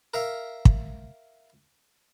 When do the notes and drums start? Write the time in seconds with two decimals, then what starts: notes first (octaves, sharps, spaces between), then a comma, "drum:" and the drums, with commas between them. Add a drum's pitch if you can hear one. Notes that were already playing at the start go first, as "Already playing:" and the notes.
0.14 A#4 E5 F5
0.65 drum: kick